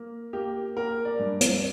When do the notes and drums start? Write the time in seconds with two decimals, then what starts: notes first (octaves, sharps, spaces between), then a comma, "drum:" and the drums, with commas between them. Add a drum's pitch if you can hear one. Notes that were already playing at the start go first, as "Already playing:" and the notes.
Already playing: A#3
0.33 A#3 G4
0.76 A#3 A#4
1.05 D5
1.19 G2
1.41 drum: hi-hat